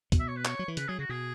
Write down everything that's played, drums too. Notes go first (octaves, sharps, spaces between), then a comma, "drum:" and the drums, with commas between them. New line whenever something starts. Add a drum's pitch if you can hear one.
B2, drum: kick, hi-hat
E5
C#5
B4
C#5, drum: clap
F#3
E3
C#3 B4, drum: hi-hat
F#3 G#4
C#3 F#4
B2 G#4